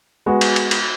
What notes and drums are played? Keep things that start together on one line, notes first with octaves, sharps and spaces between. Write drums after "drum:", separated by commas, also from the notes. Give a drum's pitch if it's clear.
G#3 B3 F#4
drum: cymbal
drum: cymbal
drum: cymbal